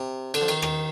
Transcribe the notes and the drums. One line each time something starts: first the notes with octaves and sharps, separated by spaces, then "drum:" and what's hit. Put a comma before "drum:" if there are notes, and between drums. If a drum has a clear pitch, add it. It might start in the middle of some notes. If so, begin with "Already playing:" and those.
Already playing: C3
D3, drum: cymbal
F3
D#3, drum: cymbal
D#3, drum: rim click